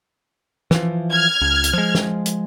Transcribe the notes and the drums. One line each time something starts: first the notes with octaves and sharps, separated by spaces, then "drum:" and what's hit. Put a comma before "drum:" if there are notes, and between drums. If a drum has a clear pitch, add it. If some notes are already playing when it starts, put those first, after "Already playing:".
E3 F3, drum: snare
F6 G#6
C#2
drum: hi-hat
F3 G#3
drum: snare
drum: hi-hat